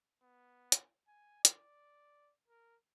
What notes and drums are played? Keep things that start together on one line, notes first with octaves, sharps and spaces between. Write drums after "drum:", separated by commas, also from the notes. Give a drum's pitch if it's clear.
B3
drum: hi-hat
G#5
D5, drum: hi-hat
A#4